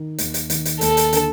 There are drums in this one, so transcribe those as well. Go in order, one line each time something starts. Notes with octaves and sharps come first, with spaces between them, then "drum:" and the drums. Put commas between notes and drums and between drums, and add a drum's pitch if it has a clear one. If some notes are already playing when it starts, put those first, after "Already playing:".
Already playing: D#3
D#2, drum: hi-hat
drum: hi-hat
D#3, drum: hi-hat
drum: hi-hat
D#2 A4, drum: hi-hat
drum: hi-hat
D3, drum: hi-hat